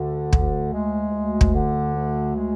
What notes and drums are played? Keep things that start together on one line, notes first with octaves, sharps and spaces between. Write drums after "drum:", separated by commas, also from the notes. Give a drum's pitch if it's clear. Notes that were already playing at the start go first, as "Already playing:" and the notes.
Already playing: D2 D3
D2, drum: kick
G#3
D2
drum: kick
D3
D2
G#3